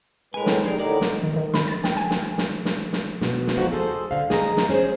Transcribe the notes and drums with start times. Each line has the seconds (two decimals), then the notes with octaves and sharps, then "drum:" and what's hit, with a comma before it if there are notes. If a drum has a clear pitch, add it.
0.34 A2 G#3 A#4 B4 G#5
0.46 drum: snare
0.64 G3 D#4 G#4 A#4
0.79 A2 D3 D#4 A#4 D5
1.01 drum: snare
1.23 D#3
1.36 D#3
1.54 B5, drum: snare
1.68 A6
1.84 G5, drum: snare
1.97 G#5
2.11 drum: snare
2.38 drum: snare
2.65 drum: snare
2.93 drum: snare
3.21 B2, drum: snare
3.47 drum: snare
3.57 E2 D3 F3 D#4 F#4
3.71 G#4 A4 C5
4.11 D3 F5
4.30 G#4 D#5 A#5, drum: snare
4.57 drum: snare
4.69 C#4 G#4 C5